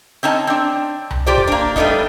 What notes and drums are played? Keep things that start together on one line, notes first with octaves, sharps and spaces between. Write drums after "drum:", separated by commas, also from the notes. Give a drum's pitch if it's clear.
C4 C#4 D#4 A5
C4 D4
drum: tom C2
F4 G4 C5 D5
drum: kick
A#3 D4
G3 A3 B3 D4 D#4, drum: kick